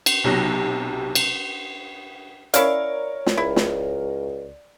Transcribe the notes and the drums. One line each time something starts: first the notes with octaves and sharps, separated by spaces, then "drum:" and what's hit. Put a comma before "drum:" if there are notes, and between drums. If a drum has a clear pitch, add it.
drum: cymbal
B1 C3 F#3 F#6 A#6
drum: cymbal
C#4 E4 A#4 C#5 D5 F5, drum: hi-hat
drum: snare
C#2 E4
drum: snare